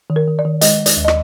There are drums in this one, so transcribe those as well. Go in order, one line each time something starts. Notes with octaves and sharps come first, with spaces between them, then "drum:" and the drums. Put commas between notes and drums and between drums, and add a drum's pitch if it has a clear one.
D#3
A#4
D#3
D5
D#3
G#3 D#5, drum: hi-hat
G#3
D5, drum: hi-hat
D#2
D#5
D5, drum: rim click